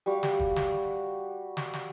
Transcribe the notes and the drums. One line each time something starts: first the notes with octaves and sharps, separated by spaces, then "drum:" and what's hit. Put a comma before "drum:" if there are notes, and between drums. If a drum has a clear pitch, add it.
G3 F#4 F5
drum: snare
drum: kick
drum: snare
drum: snare
drum: snare